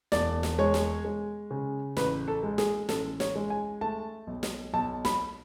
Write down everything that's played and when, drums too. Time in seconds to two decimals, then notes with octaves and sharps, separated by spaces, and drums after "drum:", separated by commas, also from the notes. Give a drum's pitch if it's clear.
0.12 E1 D5, drum: snare
0.43 drum: snare
0.59 G#3 C#5
0.74 drum: snare
1.05 G#3
1.51 C#3
1.97 A1 B4, drum: snare
2.28 A4
2.43 G#3
2.58 G#4, drum: snare
2.89 A1 A4, drum: snare
3.20 C#5, drum: snare
3.35 G#3
3.50 G#5
3.81 A3 A5
4.27 B1
4.43 drum: snare
4.73 B1 A5
5.05 B5, drum: snare